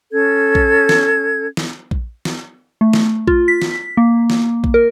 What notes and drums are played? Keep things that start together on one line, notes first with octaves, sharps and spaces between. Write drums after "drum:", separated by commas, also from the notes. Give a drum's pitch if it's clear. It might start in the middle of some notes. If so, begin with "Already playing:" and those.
C#4 A4 G#6
drum: kick A#1
drum: snare
drum: snare
drum: kick A#1
drum: snare
A3
drum: snare
F4, drum: kick A#1
B6
drum: snare
A#3
drum: snare
drum: kick A#1
A#4